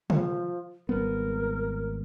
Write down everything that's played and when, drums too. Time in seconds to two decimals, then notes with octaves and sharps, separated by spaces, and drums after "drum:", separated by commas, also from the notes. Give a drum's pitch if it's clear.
0.10 F3, drum: tom
0.89 G#1 G3 B3 A#4